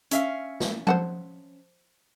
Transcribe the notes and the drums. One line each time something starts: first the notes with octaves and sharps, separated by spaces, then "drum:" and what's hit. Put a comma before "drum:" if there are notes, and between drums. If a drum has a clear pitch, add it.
C#4 E5 F5, drum: hi-hat
drum: snare
C5 F#5 A5, drum: tom F3